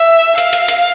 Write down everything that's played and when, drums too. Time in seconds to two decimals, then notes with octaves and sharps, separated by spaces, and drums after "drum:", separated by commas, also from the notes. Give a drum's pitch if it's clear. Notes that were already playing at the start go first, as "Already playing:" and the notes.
Already playing: E5
0.38 F5, drum: hi-hat
0.53 drum: hi-hat
0.68 drum: hi-hat